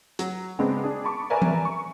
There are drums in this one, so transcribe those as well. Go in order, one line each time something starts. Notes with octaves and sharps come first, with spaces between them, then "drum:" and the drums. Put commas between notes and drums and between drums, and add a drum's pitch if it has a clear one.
F#3, drum: hi-hat
C#3 G#3 B3 C4 D4
D4 G#4
A5 B5 C#6 D6
A#4 B4 D5 E5 G#5 A#5
drum: tom E3
C#6